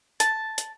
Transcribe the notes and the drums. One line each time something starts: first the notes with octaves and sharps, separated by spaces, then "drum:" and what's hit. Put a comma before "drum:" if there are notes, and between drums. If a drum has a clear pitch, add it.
A5, drum: hi-hat
drum: hi-hat